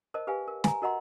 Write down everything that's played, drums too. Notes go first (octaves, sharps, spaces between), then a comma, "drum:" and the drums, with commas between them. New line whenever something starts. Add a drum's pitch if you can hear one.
A#4 C5 D#5 A5
G4 B4 F5 G#5
A#4
G#5 A#5, drum: snare
F#4 A#4 D#5 F#5 A#5 C6